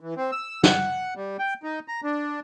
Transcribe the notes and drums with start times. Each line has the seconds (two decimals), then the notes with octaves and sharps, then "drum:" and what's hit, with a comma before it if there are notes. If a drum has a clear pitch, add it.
0.01 E3
0.17 C4
0.32 E6
0.63 F#5, drum: snare
1.16 G3
1.39 G5
1.63 D#4
1.88 A#5
2.03 D4